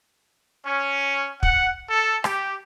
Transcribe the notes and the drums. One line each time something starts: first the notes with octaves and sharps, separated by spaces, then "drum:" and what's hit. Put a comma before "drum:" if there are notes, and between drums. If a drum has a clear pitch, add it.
C#4
F#5, drum: kick
A4
G4, drum: rim click